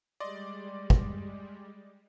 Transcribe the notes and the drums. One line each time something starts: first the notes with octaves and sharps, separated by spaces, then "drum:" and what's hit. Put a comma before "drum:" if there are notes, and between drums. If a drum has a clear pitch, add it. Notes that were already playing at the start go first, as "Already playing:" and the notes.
G3 G#3 D5 D#5 C6
drum: kick